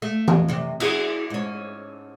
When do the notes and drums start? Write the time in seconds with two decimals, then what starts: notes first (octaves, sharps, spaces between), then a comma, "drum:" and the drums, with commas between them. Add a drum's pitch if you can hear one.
0.02 A3
0.28 F2, drum: tom E3
0.48 F#2 C3
0.80 E4 F#4 G#4, drum: cymbal
1.30 G#2 C#4